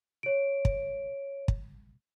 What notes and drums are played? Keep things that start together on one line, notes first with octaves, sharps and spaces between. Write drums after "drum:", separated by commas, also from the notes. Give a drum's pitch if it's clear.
C#5 D7
drum: kick
drum: kick